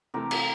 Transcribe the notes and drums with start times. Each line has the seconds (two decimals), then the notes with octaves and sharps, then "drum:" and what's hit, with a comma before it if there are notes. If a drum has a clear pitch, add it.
0.14 C3 E3 A3 G4 A#4
0.31 drum: cymbal